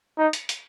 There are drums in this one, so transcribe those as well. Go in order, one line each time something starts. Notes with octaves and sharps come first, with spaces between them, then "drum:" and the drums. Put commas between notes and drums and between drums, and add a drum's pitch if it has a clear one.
D#4
drum: hi-hat
drum: hi-hat